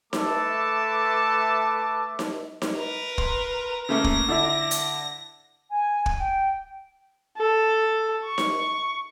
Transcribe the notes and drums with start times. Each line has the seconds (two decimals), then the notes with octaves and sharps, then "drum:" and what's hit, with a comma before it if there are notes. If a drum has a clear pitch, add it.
0.13 A3 A4 B4 E5 A5 D6, drum: snare D#4
2.19 drum: snare D#4
2.62 drum: snare D#4
2.77 A#4 B4
3.18 C6, drum: kick
3.89 C#3 A3 A#3 A#6
4.04 drum: kick
4.28 D3 D4 E4
4.71 drum: hi-hat
5.70 G#5
6.06 drum: kick
6.18 G5
7.37 A4
8.25 C#6
8.38 drum: snare D#4